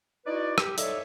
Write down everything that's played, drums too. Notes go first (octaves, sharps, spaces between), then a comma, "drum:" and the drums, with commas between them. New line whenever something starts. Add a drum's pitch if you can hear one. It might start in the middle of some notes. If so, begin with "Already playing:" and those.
D#4 E4 F#4 B4 D5
G4, drum: rim click
D#4 A4 C#5 D5 E5, drum: hi-hat